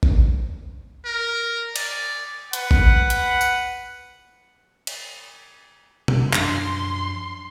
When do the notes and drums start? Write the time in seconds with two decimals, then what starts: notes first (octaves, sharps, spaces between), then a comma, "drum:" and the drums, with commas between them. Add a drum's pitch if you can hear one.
0.03 drum: kick A1
1.05 A#4
1.76 D5, drum: cymbal
2.53 B4 F#5, drum: hi-hat
2.71 drum: kick A1
3.10 drum: hi-hat
3.41 drum: tambourine
4.87 drum: cymbal
6.08 drum: tom B2
6.33 F#2 F3 D4 C6, drum: clap